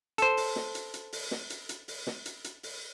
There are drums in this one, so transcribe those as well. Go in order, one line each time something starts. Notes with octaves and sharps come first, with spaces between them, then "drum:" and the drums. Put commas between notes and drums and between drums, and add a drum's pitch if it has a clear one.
A4 C5, drum: hi-hat
drum: open hi-hat
drum: snare
drum: hi-hat
drum: hi-hat
drum: open hi-hat
drum: snare
drum: hi-hat
drum: hi-hat
drum: open hi-hat
drum: snare
drum: hi-hat
drum: hi-hat
drum: open hi-hat